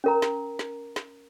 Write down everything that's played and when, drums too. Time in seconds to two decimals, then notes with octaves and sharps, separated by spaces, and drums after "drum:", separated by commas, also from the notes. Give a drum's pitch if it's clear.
0.04 C#4 A#4 A#5
0.22 drum: snare
0.59 drum: snare
0.96 drum: snare